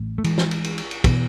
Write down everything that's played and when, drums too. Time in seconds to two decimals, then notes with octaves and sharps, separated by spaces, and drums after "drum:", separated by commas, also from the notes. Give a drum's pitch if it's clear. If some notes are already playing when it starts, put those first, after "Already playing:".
Already playing: A1 A2
0.18 A3
0.24 E3 G#3, drum: cymbal
0.38 drum: snare
0.51 drum: cymbal
0.64 drum: cymbal
0.78 drum: cymbal
0.91 drum: cymbal
1.04 B2 E3, drum: kick, cymbal